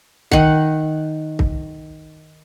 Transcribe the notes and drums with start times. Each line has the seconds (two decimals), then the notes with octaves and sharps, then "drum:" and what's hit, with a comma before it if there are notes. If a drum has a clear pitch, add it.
0.31 D#3 F#5, drum: kick
1.39 drum: kick